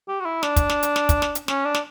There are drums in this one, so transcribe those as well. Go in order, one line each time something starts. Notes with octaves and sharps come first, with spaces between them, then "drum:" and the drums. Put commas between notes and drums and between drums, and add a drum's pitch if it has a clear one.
G4
F#4
E4
D4, drum: snare
drum: kick, hi-hat
drum: snare
drum: hi-hat
drum: snare
drum: kick, hi-hat
drum: snare
drum: hi-hat
C#4, drum: snare
D4
drum: snare